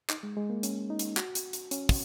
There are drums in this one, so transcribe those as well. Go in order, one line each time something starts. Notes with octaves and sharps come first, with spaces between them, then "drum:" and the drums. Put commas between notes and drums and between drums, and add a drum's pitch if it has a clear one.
D#4, drum: clap
G#3
G#3
A#3
C#4, drum: hi-hat
D#4
drum: hi-hat
F#4, drum: clap
drum: hi-hat
drum: hi-hat
C#4, drum: hi-hat
drum: kick, open hi-hat